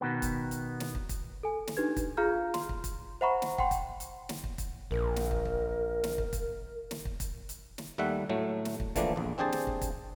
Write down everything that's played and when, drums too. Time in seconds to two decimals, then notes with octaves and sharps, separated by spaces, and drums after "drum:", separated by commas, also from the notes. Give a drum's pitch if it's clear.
0.01 B2 D#3 B3
0.22 drum: kick, hi-hat
0.51 drum: hi-hat
0.80 drum: snare
0.95 drum: kick
1.09 drum: kick, hi-hat
1.43 A4 G#5
1.67 drum: snare
1.77 D4 D#4 G4 B4 G#6
1.97 drum: kick, hi-hat
2.17 F4 G#4 F5 A#5 F6 G6
2.54 C6, drum: snare
2.69 drum: kick
2.84 drum: kick, hi-hat
3.21 C5 E5 F#5 A#5 B5 C#6
3.42 drum: snare
3.58 F#5 G5 C6, drum: kick
3.71 drum: kick, hi-hat
4.00 drum: hi-hat
4.29 drum: snare
4.44 drum: kick
4.58 drum: kick, hi-hat
4.91 A#1 A#4
5.16 drum: snare
5.31 drum: kick
5.45 drum: kick
6.04 drum: snare
6.18 drum: kick
6.33 drum: kick, hi-hat
6.91 drum: snare
7.05 drum: kick
7.20 drum: kick, hi-hat
7.49 drum: hi-hat
7.78 drum: snare
7.98 D#2 G3 A3 E5 F#5
8.29 A2 F#3 A3
8.65 drum: snare
8.80 drum: kick
8.96 D3 E3 F3 A3 A#3 D4, drum: kick, hi-hat
9.16 A#1 E2
9.38 C4 D4 G4 G#4 C5 A5
9.52 drum: snare
9.67 drum: kick
9.82 drum: kick, hi-hat